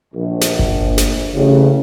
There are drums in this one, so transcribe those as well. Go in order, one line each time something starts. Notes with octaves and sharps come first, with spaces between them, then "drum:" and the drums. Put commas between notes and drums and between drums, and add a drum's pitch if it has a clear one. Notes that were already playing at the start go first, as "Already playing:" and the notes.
A#1
drum: snare
drum: kick G1
drum: snare
A1 C#3